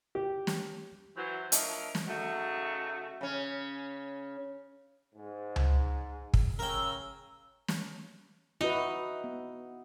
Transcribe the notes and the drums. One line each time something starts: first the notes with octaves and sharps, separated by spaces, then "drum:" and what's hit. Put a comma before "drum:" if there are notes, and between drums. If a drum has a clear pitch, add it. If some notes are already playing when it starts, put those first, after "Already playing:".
G4
drum: snare
E3 F#3 C5
F3 D4 A#4 C#5 D#5 E5, drum: hi-hat
drum: snare
C#3 F#3 A3 D#4 F#4
C#3 C#4
G#2
drum: tom C#2
drum: kick
C#3 A#4 G5 E6
drum: snare
D#4 E4 F#4 B4
B3